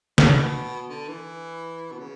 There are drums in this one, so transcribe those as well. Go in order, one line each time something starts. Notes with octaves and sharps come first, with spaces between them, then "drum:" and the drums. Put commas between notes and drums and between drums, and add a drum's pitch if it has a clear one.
B2, drum: snare
D3
E3
B2
C#3